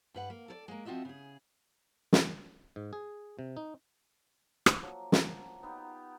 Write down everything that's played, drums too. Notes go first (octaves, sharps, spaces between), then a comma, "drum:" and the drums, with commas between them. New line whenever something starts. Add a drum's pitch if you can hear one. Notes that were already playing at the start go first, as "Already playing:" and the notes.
G2 B4 F#5
A#3
A4 A#4 D5
G#3 A#3
F3 C4 F4 F#4 D#5 E5
C#3 G#4
drum: snare
G#2
G#4
C3
D#4
drum: rim click
F3 F#3 A#3
drum: snare
B3 D#4 F4 G4